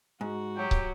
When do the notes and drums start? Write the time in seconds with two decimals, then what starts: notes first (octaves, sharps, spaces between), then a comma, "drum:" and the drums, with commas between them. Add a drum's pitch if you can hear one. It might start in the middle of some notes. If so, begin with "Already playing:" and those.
0.21 G#2 F#4
0.57 F#3 G4
0.71 drum: kick C#1